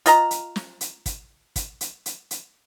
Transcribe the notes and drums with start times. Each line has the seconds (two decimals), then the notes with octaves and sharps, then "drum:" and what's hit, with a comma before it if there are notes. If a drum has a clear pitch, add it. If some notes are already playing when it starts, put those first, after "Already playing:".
0.06 F4 D#5 A#5, drum: hi-hat
0.31 drum: hi-hat
0.56 drum: snare
0.81 drum: hi-hat
1.06 drum: kick, hi-hat
1.56 drum: kick, hi-hat
1.81 drum: hi-hat
2.06 drum: hi-hat
2.31 drum: hi-hat